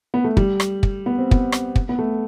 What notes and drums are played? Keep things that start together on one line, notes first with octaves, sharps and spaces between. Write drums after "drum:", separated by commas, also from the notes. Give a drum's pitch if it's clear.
B3
A3
G3, drum: kick
drum: rim click
drum: kick
B3
C4
B3, drum: kick
drum: rim click
drum: kick
B3
A3